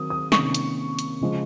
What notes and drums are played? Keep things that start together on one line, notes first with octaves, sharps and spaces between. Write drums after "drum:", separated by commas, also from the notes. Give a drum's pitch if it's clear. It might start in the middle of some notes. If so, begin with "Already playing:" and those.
Already playing: D#3 F#3 C4 D#6
D#6
C3 D#3 A#3 C#4 C#6, drum: snare
drum: hi-hat
drum: hi-hat
C#3 F3 G#3